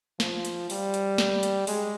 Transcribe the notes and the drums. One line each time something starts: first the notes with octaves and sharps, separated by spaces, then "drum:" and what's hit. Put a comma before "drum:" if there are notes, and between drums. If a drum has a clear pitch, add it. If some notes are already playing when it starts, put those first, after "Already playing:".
F3, drum: snare
drum: hi-hat
G3, drum: open hi-hat
drum: hi-hat
drum: snare
drum: hi-hat
G#3, drum: open hi-hat